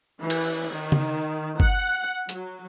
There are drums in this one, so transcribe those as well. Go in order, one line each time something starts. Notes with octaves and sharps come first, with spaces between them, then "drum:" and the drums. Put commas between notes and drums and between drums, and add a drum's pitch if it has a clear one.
E3
drum: cymbal
D#3
drum: tom C#3
F#5, drum: kick
F#3, drum: hi-hat